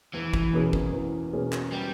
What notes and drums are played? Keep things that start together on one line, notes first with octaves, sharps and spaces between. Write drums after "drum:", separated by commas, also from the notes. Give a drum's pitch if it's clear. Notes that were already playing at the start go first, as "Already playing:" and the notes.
E2 E3
drum: kick
B2 A#3 C#4 G#4
drum: kick
E2
B2 A#3 C#4 G#4
drum: clap
G3